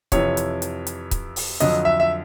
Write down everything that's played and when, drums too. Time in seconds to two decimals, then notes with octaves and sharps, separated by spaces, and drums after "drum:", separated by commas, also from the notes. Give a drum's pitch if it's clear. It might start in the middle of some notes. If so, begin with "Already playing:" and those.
0.12 F2 C3 E3 C#5, drum: kick C#1, hi-hat
0.37 drum: hi-hat
0.62 drum: hi-hat
0.87 drum: hi-hat
1.11 drum: kick C#1, hi-hat
1.36 drum: open hi-hat
1.60 F2 D3 F#3 D#5, drum: hi-hat
1.85 E5
2.00 E5